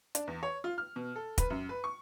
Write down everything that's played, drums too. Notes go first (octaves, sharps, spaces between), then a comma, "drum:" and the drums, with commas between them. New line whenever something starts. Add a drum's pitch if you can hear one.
D4, drum: hi-hat
E2
C#5
F4
F6
B2
A4
B4, drum: kick, hi-hat
F#2
B4
C#6